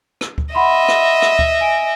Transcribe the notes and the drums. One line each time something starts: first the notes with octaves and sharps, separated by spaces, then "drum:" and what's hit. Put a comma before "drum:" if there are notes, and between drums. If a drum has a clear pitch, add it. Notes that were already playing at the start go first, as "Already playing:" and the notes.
drum: rim click
drum: kick D2
D#5 E5 F#5 B5 C6
drum: rim click
drum: rim click
drum: kick D2
G#5 D7